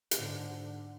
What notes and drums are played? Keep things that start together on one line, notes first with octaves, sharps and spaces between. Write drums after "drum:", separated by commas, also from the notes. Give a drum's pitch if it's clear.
G#2 D3, drum: hi-hat